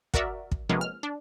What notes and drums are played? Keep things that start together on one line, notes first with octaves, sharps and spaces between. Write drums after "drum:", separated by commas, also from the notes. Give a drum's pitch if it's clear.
F#4 A#4 D5 E5, drum: kick
drum: kick
C3 F3 G#3 A#3 B3 C#4
F6
D4